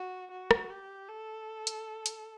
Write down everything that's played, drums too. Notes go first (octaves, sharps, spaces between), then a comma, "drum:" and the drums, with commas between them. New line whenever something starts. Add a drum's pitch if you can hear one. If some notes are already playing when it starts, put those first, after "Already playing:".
Already playing: F#4
F#4
drum: rim click
G4
A4
drum: hi-hat
drum: hi-hat